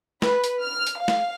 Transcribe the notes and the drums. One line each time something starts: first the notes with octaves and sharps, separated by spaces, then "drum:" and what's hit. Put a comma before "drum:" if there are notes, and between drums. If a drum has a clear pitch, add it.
B4, drum: snare
drum: hi-hat
F6
drum: hi-hat
F5
drum: snare